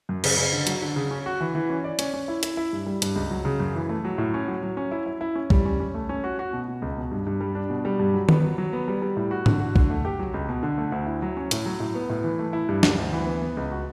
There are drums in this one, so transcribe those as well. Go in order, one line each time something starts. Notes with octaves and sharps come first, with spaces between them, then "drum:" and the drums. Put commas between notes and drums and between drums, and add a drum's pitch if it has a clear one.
F#2
C#3, drum: cymbal
C#3
D3
F#3, drum: hi-hat
D3
C#3
C#4
F#4
E3
E3
C#4
D5
C#4, drum: hi-hat
C#4
E4
E4, drum: hi-hat
E4
G2
G3
G2, drum: hi-hat
C#2
F#3
C#3
F#2
E3
A3
F#3
A2
C#4
F#3
F#3
C#4
E4
E4
E4
C#4
G3, drum: kick
C#4
C#4
A3
C#4
F#4
F#4
B2
B2
C#2
B2
G2
G2
G3
D4
B2
G3
G2
F#3
B3, drum: tom D#3
F#3
F#3
B3
G3
G3
A2
F#4
D3, drum: tom G#2
F#4
D3, drum: kick
A3
G4
F#3
C#2
B2
D3
A3
D2
E4
F#3
C#4
A2, drum: hi-hat
F#3
A2
B3
A2
E3
A3
E4
G2
D2, drum: snare
D2
E3
B3
B3
C#2
F#4